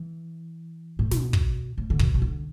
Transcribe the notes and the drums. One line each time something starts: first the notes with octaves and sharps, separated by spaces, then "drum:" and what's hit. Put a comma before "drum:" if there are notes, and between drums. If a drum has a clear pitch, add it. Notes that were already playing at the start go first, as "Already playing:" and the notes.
Already playing: E3
A2
B2, drum: snare
drum: kick
A2
D3
B2, drum: kick
B2
D3